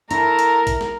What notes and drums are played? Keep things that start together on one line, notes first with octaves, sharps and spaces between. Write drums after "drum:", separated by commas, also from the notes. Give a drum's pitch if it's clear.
A3 E4 A#4 A#5, drum: hi-hat
drum: hi-hat
drum: kick, hi-hat
drum: snare